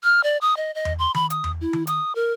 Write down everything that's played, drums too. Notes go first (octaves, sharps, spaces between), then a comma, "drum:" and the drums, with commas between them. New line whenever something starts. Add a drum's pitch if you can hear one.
F6
D5
D#6
D#5
D#5
drum: tom E2
C6
B5, drum: tom D#3
D#6, drum: hi-hat
drum: tom E2
E4
drum: tom D#3
D#6, drum: hi-hat
A#4